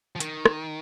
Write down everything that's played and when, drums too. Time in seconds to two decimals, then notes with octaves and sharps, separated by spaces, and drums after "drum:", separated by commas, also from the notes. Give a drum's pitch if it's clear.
0.16 F3
0.20 D#3, drum: hi-hat
0.45 drum: rim click